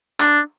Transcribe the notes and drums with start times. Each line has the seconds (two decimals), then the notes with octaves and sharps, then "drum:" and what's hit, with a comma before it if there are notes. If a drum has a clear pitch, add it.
0.20 D4, drum: clap